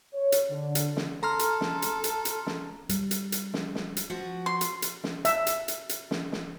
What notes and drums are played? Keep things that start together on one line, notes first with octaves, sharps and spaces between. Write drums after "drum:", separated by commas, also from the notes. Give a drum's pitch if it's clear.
C#5
drum: hi-hat
D3
drum: hi-hat
drum: snare
A4 A#5 C6 F6
drum: hi-hat
drum: snare
drum: hi-hat
drum: hi-hat
drum: hi-hat
drum: snare
G3, drum: hi-hat
drum: hi-hat
drum: hi-hat
drum: snare
drum: snare
drum: hi-hat
F3 F#4
C6
drum: hi-hat
drum: hi-hat
drum: snare
E5, drum: hi-hat
drum: hi-hat
drum: hi-hat
drum: hi-hat
drum: snare
drum: snare